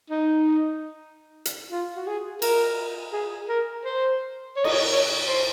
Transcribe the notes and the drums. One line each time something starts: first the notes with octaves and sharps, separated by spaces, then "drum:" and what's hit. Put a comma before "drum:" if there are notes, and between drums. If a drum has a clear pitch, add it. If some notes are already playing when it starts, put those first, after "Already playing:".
D#4
drum: hi-hat
F4
F#4
G#4
A#4, drum: cymbal
G#4
A#4
C5
C#5
D#5, drum: cymbal
C#5
C#5
C5